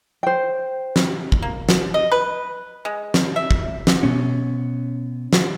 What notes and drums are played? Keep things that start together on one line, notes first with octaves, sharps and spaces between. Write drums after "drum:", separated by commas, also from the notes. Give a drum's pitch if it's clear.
C5 G5
drum: snare
drum: kick
A#3
drum: snare
D#5
B4
G#3
drum: snare
E5
drum: kick
drum: snare
B2 B3 C#4
drum: snare